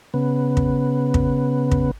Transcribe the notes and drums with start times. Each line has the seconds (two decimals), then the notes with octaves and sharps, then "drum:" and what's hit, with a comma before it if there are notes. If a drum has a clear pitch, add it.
0.14 C#3 B3
0.57 drum: kick
1.14 drum: kick
1.71 drum: kick